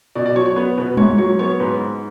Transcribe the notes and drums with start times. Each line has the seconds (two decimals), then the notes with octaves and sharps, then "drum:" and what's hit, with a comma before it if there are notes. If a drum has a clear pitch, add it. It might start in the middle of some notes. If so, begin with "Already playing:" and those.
0.15 B2 D5
0.26 D5
0.36 F#3 C#5
0.46 C#5
0.56 B3 B4
0.78 B2 B4
0.97 G#2 C#5, drum: tom G3
1.18 F#3 C#5
1.39 B3 C#5
1.60 G#2 B4
1.80 G#2